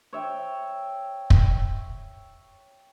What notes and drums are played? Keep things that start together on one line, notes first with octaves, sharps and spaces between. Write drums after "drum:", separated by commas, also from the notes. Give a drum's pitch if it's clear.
C#5 E5 G5
drum: kick